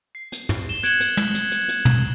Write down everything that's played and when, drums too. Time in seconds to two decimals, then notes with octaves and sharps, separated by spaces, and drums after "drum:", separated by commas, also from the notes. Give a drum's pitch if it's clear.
0.15 C7
0.32 drum: hi-hat
0.49 drum: tom
0.69 E7 G7
0.83 F#6 G#6 C#7 D7 E7 F#7, drum: hi-hat
1.00 drum: hi-hat
1.17 drum: tom
1.34 drum: hi-hat
1.51 drum: hi-hat
1.68 drum: hi-hat
1.85 drum: tom